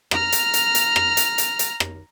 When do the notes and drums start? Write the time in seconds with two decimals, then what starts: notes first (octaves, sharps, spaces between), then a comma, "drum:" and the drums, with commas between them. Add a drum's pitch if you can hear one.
0.11 A#5 F6, drum: rim click
0.32 drum: hi-hat
0.54 drum: hi-hat
0.75 drum: hi-hat
0.96 drum: rim click
1.17 drum: hi-hat
1.38 drum: hi-hat
1.59 drum: hi-hat
1.80 drum: rim click